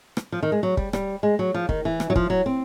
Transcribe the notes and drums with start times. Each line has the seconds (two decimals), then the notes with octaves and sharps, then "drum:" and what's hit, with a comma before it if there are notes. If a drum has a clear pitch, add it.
0.17 drum: rim click
0.32 F3
0.43 D#3
0.52 G#3
0.63 F#3
0.77 G3, drum: kick
0.93 G3, drum: rim click
1.23 G#3
1.39 F#3
1.54 F3
1.69 D#3, drum: kick
1.85 E3
2.00 drum: rim click
2.10 F#3
2.16 F3, drum: kick
2.30 F#3
2.46 C4